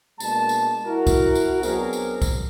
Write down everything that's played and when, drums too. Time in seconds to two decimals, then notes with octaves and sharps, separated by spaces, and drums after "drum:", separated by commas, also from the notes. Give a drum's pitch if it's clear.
0.20 B2 G#3 A#3 D4 A5, drum: tambourine
0.49 drum: tambourine
0.85 E4 F#4 A#4
1.07 drum: kick C2, tambourine
1.35 drum: tambourine
1.63 F#3 B3 C4 D4 G#4 A#4, drum: tambourine
1.93 drum: tambourine
2.22 drum: kick C2, tambourine